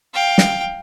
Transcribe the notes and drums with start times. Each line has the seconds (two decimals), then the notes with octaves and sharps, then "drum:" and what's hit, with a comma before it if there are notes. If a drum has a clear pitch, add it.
0.14 F5 G5
0.38 drum: snare